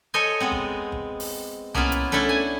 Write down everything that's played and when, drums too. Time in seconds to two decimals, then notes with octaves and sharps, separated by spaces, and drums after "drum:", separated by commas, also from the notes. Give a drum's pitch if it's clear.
0.14 A4 C5 C#5 D#5 G#5
0.40 G#3 B3 C4
0.52 drum: kick
0.92 drum: kick
1.20 drum: open hi-hat
1.74 A#3 B3 C#4 E4 F4, drum: tom C2
1.92 drum: hi-hat
2.12 A3 C#4 D4 E4 A4, drum: snare
2.29 G#5